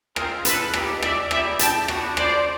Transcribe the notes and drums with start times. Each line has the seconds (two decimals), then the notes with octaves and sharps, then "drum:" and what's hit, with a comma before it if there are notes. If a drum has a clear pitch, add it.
0.16 G#3 C4 F4 G#4 A#4, drum: rim click
0.45 A4 B4, drum: hi-hat
0.74 G3 A#3 D#4 G4, drum: rim click
1.02 D5 E5, drum: rim click
1.31 B3 E4 G4 D5 E5, drum: rim click
1.59 G5 A5, drum: hi-hat
1.88 B3 D4 F#4, drum: rim click
2.17 C5 D5, drum: rim click